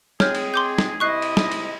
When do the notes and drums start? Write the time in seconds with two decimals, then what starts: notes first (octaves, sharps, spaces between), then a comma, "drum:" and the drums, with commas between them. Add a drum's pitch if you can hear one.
0.20 G#3 C4 G#4 C#5 F6 G6, drum: snare
0.35 drum: cymbal
0.54 C6 D6 G6
0.78 drum: snare
1.00 C3 E4 D#5 C#6 F#6 C7
1.22 drum: cymbal
1.37 drum: snare
1.52 drum: cymbal